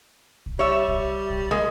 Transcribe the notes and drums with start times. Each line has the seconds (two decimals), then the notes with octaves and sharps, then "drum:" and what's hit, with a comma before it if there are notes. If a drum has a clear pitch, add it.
0.46 drum: kick
0.59 G3 C#5 E5
0.88 drum: kick
1.30 drum: kick
1.51 G#3 A#3